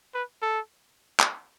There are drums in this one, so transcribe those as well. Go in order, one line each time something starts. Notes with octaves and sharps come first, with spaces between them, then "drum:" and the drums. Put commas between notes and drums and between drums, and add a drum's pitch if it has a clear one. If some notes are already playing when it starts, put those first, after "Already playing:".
B4
A4
drum: clap